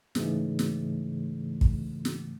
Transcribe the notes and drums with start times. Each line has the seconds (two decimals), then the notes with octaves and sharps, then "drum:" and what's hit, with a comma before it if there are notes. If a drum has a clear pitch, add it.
0.15 G#2 C#3 E3 G#3 A3, drum: snare
0.59 drum: snare
1.61 drum: kick
2.05 drum: snare